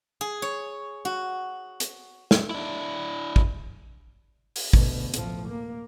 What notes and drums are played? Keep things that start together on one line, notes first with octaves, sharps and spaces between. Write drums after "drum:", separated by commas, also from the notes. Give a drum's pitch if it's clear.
G#4
C#5
F#4
drum: hi-hat
drum: snare
D4 E4
drum: kick
drum: open hi-hat
D2 B2, drum: kick
A2 F3, drum: hi-hat
A#3